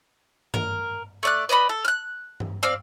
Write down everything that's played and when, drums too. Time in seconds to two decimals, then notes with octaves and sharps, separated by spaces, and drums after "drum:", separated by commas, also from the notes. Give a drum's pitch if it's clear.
0.54 A#4, drum: tom G2
1.23 A3 D5 F#6
1.49 B4 D5 D#5 B5
1.69 A4
1.85 F6 F#6
2.40 drum: tom G2
2.63 C4 D5 F5